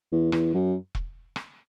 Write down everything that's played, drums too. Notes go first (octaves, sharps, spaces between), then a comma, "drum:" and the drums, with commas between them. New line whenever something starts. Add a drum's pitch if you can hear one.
E2
E2, drum: rim click
F#2
drum: kick E1
drum: rim click